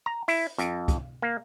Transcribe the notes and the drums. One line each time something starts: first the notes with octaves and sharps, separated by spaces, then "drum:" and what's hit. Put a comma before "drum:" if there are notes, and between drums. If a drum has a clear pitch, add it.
A#5
E4, drum: open hi-hat
F2, drum: hi-hat
drum: kick, hi-hat
A#3